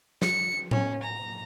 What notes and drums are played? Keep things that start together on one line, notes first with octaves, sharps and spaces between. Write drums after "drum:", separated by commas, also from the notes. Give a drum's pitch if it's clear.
C#7, drum: snare
C#4, drum: tom A2
A#5